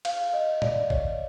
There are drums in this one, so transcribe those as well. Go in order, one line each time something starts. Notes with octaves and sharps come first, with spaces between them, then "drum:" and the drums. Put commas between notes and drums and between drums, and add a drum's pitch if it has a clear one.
F5, drum: cymbal
D#5
D5, drum: tom
C#5, drum: kick